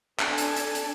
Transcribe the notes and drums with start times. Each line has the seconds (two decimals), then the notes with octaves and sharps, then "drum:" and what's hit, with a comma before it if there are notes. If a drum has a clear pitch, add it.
0.19 D4 A4 G#5 A5, drum: clap
0.38 drum: hi-hat
0.56 drum: hi-hat
0.75 drum: hi-hat